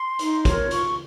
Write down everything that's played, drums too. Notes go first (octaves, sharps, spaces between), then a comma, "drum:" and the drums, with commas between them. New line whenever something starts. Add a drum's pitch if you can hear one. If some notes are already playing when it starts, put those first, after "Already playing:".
Already playing: C6
D#4, drum: hi-hat
A#4 C#5, drum: kick, hi-hat
F4 C#6, drum: hi-hat